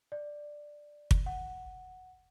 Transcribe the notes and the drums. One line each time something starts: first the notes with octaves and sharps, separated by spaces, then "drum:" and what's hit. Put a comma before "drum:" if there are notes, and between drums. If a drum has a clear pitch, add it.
D5
drum: kick
F#5